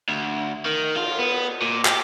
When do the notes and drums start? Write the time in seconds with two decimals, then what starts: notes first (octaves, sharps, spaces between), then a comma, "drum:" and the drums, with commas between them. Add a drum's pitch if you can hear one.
0.09 D2
0.66 D#3
0.96 F4, drum: cymbal
1.19 B3
1.61 A#2
1.85 G4, drum: clap